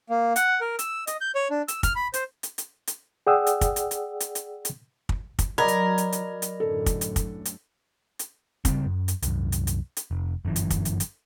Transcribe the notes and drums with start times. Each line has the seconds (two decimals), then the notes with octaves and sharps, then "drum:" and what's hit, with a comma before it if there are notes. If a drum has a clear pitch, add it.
0.10 A#3
0.36 F#5, drum: hi-hat
0.61 A#4
0.79 E6, drum: hi-hat
1.07 D#5, drum: hi-hat
1.21 G6
1.35 C#5
1.50 D4
1.68 E6, drum: hi-hat
1.83 F6, drum: kick, hi-hat
1.96 B5
2.14 C5, drum: hi-hat
2.43 drum: hi-hat
2.58 drum: hi-hat
2.87 drum: hi-hat
3.27 G#4 D5 F#5 G5 D#6 E6
3.47 drum: hi-hat
3.61 drum: kick, hi-hat
3.76 drum: hi-hat
3.91 drum: hi-hat
4.20 drum: hi-hat
4.35 drum: hi-hat
4.65 drum: hi-hat
5.09 drum: kick
5.39 drum: kick, hi-hat
5.58 F#3 A#4 D5 D#5 B5 G#6
5.68 drum: hi-hat
5.98 drum: hi-hat
6.12 drum: hi-hat
6.42 drum: hi-hat
6.60 F#2 A2 D3 A4
6.86 drum: kick, hi-hat
7.01 drum: hi-hat
7.16 drum: kick, hi-hat
7.45 drum: hi-hat
8.19 drum: hi-hat
8.65 C#3 G3 C4, drum: kick, hi-hat
8.86 F#2
9.08 drum: hi-hat
9.22 C2 F#2, drum: hi-hat
9.52 drum: hi-hat
9.67 drum: hi-hat
9.97 drum: hi-hat
10.11 F1
10.45 G1 F#2 D3 E3
10.56 drum: hi-hat
10.70 drum: kick, hi-hat
10.85 drum: hi-hat
11.00 drum: hi-hat